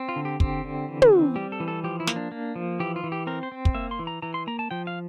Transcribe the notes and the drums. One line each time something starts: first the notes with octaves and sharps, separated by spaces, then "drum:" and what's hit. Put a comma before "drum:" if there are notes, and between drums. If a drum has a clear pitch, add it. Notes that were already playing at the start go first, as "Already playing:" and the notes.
Already playing: C4
F4
D3
G4
C4, drum: kick
D3
E3
drum: tom
C4
G3 G4
A4
E3
A4
F3 G4
E4
A#3, drum: snare
D4
A#3
F3
E3 G4
F4
E3
G4
C4 A#4
C5
C4
drum: kick
A#3 E5
C6
E3
A#5
E3 A#5
C6
A#3 A#5
A5
F3 G5
F5